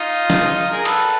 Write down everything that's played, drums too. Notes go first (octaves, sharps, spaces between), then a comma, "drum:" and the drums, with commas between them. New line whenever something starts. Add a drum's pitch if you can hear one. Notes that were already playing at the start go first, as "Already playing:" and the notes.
Already playing: D#4 F4
drum: snare
G#4 A#4
A4 B4, drum: cymbal